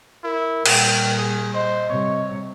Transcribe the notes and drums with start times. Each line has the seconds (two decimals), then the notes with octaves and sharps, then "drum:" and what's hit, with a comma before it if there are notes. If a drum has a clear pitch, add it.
0.24 E4 A#4
0.66 A#2 G3 G5, drum: cymbal
1.17 G#4
1.54 C5 D#5
1.90 C3 G3 C#5